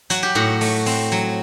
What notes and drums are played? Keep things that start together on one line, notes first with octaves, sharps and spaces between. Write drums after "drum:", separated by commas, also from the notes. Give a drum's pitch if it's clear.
F#3 F#4, drum: hi-hat
G4
A2 F#4
A3, drum: open hi-hat
C4, drum: open hi-hat
F#3